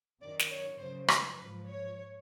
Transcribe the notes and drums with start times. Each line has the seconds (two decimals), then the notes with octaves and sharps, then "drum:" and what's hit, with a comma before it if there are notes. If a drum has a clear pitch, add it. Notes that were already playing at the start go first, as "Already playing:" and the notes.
0.21 F#2 D#3 D5
0.39 drum: snare
0.51 C#5
0.79 F#2 C#3 F3 C5
1.08 B4, drum: rim click
1.38 G#2 F3 B4
1.68 C#5